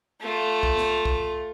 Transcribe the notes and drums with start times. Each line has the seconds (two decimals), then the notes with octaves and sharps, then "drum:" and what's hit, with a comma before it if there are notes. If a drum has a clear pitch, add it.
0.21 A3 F4
0.63 drum: kick
0.77 drum: snare
1.05 drum: kick